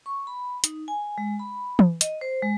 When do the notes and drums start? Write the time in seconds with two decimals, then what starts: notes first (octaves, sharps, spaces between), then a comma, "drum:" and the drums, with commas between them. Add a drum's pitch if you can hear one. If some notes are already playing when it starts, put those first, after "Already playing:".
0.06 C#6
0.27 B5
0.64 D#4, drum: hi-hat
0.88 G#5
1.18 G#3
1.39 B5
1.79 drum: tom
2.01 D#5, drum: hi-hat
2.21 C5
2.42 G#3